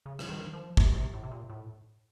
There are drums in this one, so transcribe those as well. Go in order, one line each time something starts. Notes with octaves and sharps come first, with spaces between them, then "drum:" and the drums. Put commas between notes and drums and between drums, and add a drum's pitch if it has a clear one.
C#3
drum: rim click
D#3
F3
C3, drum: kick
C3
A2
C3
A#2
A2